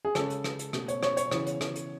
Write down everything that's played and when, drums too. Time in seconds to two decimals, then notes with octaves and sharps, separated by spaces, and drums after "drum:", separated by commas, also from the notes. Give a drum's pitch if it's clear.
0.05 G#4
0.15 C#3 G#3 C#4 A4, drum: rim click
0.30 drum: hi-hat
0.44 drum: rim click
0.59 drum: hi-hat
0.73 B2 A3 C#4, drum: rim click
0.88 C#5, drum: hi-hat
1.03 C#5, drum: rim click
1.17 C#5, drum: hi-hat
1.31 C#3 E3 B3 C#5, drum: rim click
1.46 drum: hi-hat
1.61 drum: rim click
1.75 drum: hi-hat